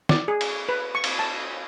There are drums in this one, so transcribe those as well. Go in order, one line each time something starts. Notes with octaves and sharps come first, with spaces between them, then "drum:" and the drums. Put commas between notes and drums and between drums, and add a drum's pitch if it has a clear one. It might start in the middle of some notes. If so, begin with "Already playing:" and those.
D5, drum: snare
G#4
drum: cymbal
B4
C#6
drum: cymbal
A5